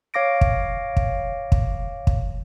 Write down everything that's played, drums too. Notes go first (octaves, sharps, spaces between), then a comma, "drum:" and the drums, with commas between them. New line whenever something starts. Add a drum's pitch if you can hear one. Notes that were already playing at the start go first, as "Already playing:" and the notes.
C#5 F5 D6 A#6 D7
drum: kick
drum: kick
drum: kick
drum: kick